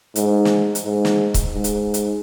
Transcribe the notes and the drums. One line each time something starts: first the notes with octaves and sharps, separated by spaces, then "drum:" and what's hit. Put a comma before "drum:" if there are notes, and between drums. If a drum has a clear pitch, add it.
G#2, drum: hi-hat
drum: snare
drum: hi-hat
G#2
drum: snare
drum: kick C#1, hi-hat
G#2
drum: hi-hat
drum: hi-hat